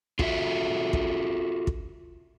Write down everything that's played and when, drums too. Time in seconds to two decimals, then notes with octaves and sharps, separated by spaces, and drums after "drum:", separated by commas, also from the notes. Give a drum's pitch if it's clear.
0.19 F4 F#4 A4 D5 E5, drum: kick
0.93 drum: kick
1.67 drum: kick